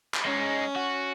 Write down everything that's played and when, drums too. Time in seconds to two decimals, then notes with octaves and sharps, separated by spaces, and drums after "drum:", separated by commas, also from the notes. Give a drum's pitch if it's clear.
0.14 drum: clap
0.25 G#3 C#4 D#4
0.76 F#4